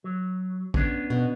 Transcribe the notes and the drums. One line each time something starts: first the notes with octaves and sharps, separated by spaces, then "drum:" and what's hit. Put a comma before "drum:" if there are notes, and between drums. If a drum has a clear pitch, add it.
F#3
B3 C#4 D4, drum: kick
B2